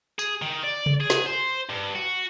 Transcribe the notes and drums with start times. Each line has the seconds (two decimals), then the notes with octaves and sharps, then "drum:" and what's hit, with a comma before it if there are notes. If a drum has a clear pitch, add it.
0.19 G#4, drum: tambourine
0.42 D#3
0.63 D5
0.86 drum: tom C3
1.00 G#4
1.10 drum: snare
1.26 C5
1.69 G2
1.96 F#4